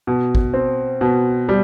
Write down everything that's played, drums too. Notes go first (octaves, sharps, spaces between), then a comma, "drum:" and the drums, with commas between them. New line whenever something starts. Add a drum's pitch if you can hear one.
B2
drum: kick G#1
C4
B2
G3